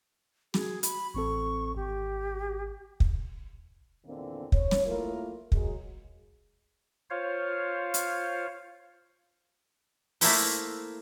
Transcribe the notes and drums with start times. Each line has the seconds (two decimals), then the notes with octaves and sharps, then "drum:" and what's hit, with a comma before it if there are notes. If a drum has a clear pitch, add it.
0.54 F#4 G#4, drum: snare
0.83 B5, drum: hi-hat
1.14 A1 C4 A4 C#6
1.76 G#1 G4
3.00 drum: kick
4.05 E2 A#2 D3 D#3 A#3 C4
4.52 C#5, drum: kick
4.71 drum: snare
4.85 A3 A#3 E4 F4 A#4
5.52 F#3 G#3, drum: kick
7.10 F4 C5 C#5 F5
7.94 drum: hi-hat
10.21 A3 A#3 E4 C5, drum: open hi-hat